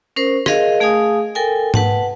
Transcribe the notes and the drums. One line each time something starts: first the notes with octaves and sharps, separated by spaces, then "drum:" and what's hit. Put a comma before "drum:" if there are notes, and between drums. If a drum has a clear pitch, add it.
C#4 A#4 C5
G#4 A#4 D#5 F5, drum: rim click
A3 G#4 F5 G#5 D#6
A4 A#4 G5 G#5
B4 F#5 A5, drum: tom G#2